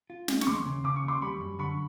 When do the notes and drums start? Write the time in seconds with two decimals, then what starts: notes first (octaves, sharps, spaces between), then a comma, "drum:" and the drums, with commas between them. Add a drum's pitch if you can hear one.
0.10 F4
0.28 G#3, drum: snare
0.41 C#6, drum: snare
0.47 D#2 C6 D6
0.65 C#3
0.84 C#3 D6
0.96 C#6
1.04 D#2 C6 D6
1.22 G3 B5 C#6
1.41 F#2
1.59 D3 B5 C#6